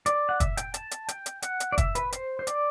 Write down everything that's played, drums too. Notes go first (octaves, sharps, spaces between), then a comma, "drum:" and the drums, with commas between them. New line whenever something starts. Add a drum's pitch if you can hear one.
D5, drum: hi-hat
F#5
E5, drum: kick, hi-hat
G5, drum: hi-hat
A5, drum: hi-hat
drum: hi-hat
G5, drum: hi-hat
drum: hi-hat
F#5, drum: hi-hat
drum: hi-hat
D5
E5, drum: kick, hi-hat
B4, drum: hi-hat
C5, drum: hi-hat
C5
D5, drum: hi-hat